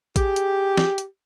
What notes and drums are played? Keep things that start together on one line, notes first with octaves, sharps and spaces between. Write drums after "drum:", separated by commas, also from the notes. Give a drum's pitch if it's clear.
G4 G#4, drum: kick A1, hi-hat
drum: hi-hat
drum: snare
drum: hi-hat